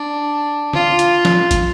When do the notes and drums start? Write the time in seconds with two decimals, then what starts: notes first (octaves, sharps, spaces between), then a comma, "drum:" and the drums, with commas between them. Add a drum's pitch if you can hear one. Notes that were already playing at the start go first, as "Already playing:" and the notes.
Already playing: D4
0.73 F4, drum: tom D3
0.99 drum: hi-hat
1.25 drum: snare
1.51 drum: kick, hi-hat